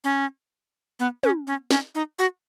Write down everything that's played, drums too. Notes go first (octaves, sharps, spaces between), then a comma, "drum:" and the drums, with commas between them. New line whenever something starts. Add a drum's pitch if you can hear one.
C#4
B3
C#4, drum: tom
C#4
C#4, drum: snare
D#4
F#4